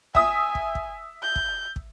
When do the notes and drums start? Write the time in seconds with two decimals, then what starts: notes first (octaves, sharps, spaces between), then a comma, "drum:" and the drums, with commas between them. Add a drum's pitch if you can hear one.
0.15 E5 G#5 D#6, drum: kick
0.55 drum: kick
0.75 drum: kick
1.22 G6
1.36 drum: kick
1.76 drum: kick